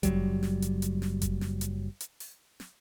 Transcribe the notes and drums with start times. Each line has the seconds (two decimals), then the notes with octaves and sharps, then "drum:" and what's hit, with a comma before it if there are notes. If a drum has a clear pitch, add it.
0.03 F#1 F#3 G3, drum: kick G1, hi-hat
0.43 drum: snare
0.62 drum: hi-hat
0.82 drum: hi-hat
1.02 drum: snare
1.22 drum: kick G1, hi-hat
1.41 drum: snare
1.61 drum: hi-hat
2.00 drum: hi-hat
2.20 drum: open hi-hat
2.60 drum: snare